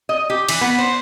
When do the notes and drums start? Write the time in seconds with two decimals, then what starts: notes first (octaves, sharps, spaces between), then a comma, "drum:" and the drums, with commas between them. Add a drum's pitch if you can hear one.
0.09 D#5
0.30 G4
0.49 E3, drum: cymbal
0.61 B3
0.78 C5